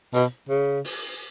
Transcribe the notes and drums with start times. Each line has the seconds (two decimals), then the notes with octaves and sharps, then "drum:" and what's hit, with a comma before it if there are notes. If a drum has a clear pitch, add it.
0.14 B2, drum: hi-hat
0.49 C#3
0.84 drum: open hi-hat